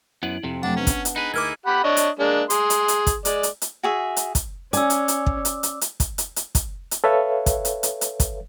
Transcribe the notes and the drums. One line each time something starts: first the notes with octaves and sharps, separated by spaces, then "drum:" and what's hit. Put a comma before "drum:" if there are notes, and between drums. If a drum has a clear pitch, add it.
F#2 B3 E4 F#7
F2 C3
F#3 A3 D4 F#5 G5
B3 C#4 D4
drum: kick, hi-hat
drum: hi-hat
D#4 G#4 B4
D2 E4 A#4 D6 F6 G#6
G4 F#5 B5
D4 C#5 D#5
drum: hi-hat
G#3 A#3 D4
G#4 C6, drum: hi-hat
drum: hi-hat
drum: hi-hat
drum: kick, hi-hat
G#3 D5, drum: hi-hat
drum: hi-hat
drum: hi-hat
F#4 G#4 E5
drum: hi-hat
drum: kick, hi-hat
C#4 D5 G#5 D6 E6, drum: hi-hat
drum: hi-hat
drum: hi-hat
drum: kick
drum: hi-hat
drum: hi-hat
drum: hi-hat
drum: kick, hi-hat
drum: hi-hat
drum: hi-hat
drum: kick, hi-hat
drum: hi-hat
A4 B4 C#5 E5 F5
drum: kick, hi-hat
drum: hi-hat
drum: hi-hat
drum: hi-hat
drum: kick, hi-hat